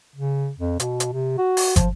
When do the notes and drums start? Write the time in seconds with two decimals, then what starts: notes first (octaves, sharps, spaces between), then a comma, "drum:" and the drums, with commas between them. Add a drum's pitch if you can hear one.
0.16 C#3
0.58 F2
0.80 B2, drum: hi-hat
1.00 drum: hi-hat
1.13 C3
1.38 F#4
1.57 drum: open hi-hat
1.76 F3, drum: kick, hi-hat